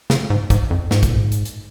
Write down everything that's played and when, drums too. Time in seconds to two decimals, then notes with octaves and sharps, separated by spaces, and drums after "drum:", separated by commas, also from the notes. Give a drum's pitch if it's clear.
0.10 C#3, drum: snare
0.30 G#2
0.50 G#2, drum: kick, hi-hat
0.71 F2
0.91 G#2, drum: snare
1.03 A#2, drum: kick, hi-hat
1.13 G#2
1.32 drum: hi-hat
1.45 drum: hi-hat